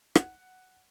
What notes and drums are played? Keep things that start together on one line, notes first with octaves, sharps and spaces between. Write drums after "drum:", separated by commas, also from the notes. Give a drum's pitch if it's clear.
F#5, drum: rim click